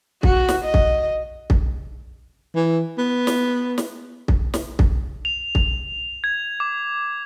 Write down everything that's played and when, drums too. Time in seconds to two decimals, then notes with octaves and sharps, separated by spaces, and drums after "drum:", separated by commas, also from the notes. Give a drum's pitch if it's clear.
0.23 F#4, drum: kick
0.49 drum: snare
0.64 D#5
0.74 drum: kick
1.50 drum: kick
2.55 E3
2.98 B3
3.27 drum: snare
3.78 drum: snare
4.28 drum: kick
4.54 drum: snare
4.79 drum: kick
5.25 F7
5.55 drum: kick
6.24 G#6
6.60 D6